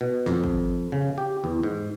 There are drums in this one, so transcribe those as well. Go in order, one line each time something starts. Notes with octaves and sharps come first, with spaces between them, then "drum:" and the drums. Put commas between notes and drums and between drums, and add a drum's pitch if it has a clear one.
B2
F2, drum: snare
drum: kick G1
C#3
G4
E2
G#2